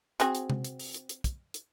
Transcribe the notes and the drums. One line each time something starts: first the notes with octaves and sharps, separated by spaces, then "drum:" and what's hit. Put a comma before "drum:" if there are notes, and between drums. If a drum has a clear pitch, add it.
C4 F#4 G#4, drum: hi-hat
drum: hi-hat
drum: tom C3
drum: hi-hat
drum: open hi-hat
drum: hi-hat
drum: hi-hat
drum: kick, hi-hat
drum: hi-hat